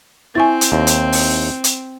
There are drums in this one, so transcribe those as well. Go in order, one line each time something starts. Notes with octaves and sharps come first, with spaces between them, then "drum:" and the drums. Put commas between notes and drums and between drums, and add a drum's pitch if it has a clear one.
C4 E4 G#5 C#6 A6
drum: hi-hat
D#2
drum: hi-hat
drum: open hi-hat
drum: hi-hat